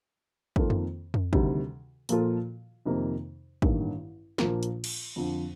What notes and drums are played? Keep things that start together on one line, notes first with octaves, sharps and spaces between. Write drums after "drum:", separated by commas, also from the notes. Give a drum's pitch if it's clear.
F2 D#3 A#3 F4 A4, drum: kick
drum: tom F2
drum: tom F2
D2 C3 D#3 G3, drum: kick
A#2 F3 A#3 F4 A4, drum: hi-hat
F2 C3 D#3 A#3 D#4
A1 G2 D#3 A#3, drum: kick
A#1 A#2 F3 A#3, drum: snare
drum: hi-hat
drum: cymbal
F2 D3 F3